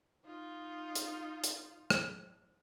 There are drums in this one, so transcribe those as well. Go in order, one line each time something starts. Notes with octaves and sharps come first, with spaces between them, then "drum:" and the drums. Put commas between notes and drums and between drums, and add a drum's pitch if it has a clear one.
D#4 F4
drum: hi-hat
drum: hi-hat
drum: rim click